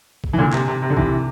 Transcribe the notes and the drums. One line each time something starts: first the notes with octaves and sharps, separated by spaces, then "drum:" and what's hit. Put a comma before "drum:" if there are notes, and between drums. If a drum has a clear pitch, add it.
drum: kick
E3
A#2 D3
C3, drum: clap
C3
C3
D3
C3 E3, drum: kick